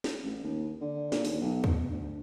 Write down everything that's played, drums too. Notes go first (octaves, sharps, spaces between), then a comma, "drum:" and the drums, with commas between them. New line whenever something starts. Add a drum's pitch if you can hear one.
drum: snare
A1
D#2
D3
A#2, drum: snare
D#2, drum: open hi-hat
B1
B2, drum: kick D2
D2